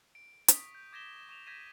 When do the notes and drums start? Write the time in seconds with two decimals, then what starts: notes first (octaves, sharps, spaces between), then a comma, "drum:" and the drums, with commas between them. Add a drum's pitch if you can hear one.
0.15 D7
0.48 C#6 D#6 B6, drum: hi-hat
0.75 G6
0.93 D6 G#6 A#6 B6 E7 G7
1.29 C#6 E7 F7
1.46 G6 G#6 A#6 B6 D#7 E7